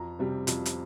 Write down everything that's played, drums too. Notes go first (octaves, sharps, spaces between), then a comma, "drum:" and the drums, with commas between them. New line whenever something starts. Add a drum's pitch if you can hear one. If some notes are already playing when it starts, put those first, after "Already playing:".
Already playing: F2 A#5
C3 G3 C4
F2, drum: hi-hat
drum: hi-hat